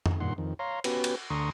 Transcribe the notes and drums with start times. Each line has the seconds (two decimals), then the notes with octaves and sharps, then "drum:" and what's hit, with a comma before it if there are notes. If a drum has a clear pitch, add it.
0.06 drum: tom F2
0.20 G2 A#2 D#3 F#5 C6
0.38 F2 D#3
0.59 C#5 F5 A#5 C6
0.84 B3 C#4 F#4 G4 B4, drum: cymbal
1.04 drum: cymbal
1.30 D2 D3 A#5 C6 C#6 D#6